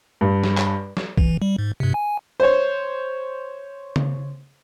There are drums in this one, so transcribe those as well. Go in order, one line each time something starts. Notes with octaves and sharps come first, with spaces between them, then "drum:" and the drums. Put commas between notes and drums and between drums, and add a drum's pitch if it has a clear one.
G2
drum: snare
drum: clap
drum: snare
E3, drum: kick
G3
G#2
G2 C3
G#5
C5 C#5
drum: tom C#3